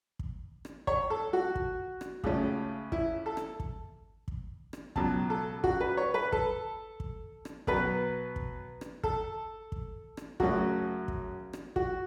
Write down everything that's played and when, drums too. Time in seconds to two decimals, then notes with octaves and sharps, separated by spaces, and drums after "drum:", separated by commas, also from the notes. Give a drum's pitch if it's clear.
0.19 drum: kick
0.65 drum: rim click
0.87 C#5, drum: kick
1.10 A4
1.33 F#4
1.56 drum: kick
2.01 drum: rim click
2.24 C#2 C#3 A3 C#4, drum: kick
2.92 E4, drum: kick
3.26 A4
3.37 drum: rim click
3.60 drum: kick
4.28 drum: kick
4.73 drum: rim click
4.96 C#2 B2 F#3 A5, drum: kick
5.30 A4
5.64 F#4, drum: kick
5.80 B4
5.97 C#5
6.14 B4
6.32 A4, drum: kick
7.00 drum: kick
7.45 drum: rim click
7.67 B2 F#3 B3 B4, drum: kick
8.36 drum: kick
8.81 drum: rim click
9.03 A4, drum: kick
9.72 drum: kick
10.17 drum: rim click
10.40 F#2 C#3 A3 C#4 F#4, drum: kick
11.08 drum: kick
11.53 drum: rim click
11.76 F#4, drum: kick